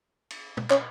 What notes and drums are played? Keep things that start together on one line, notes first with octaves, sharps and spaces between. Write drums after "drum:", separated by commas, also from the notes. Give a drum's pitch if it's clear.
drum: cymbal
drum: tom
C#4, drum: clap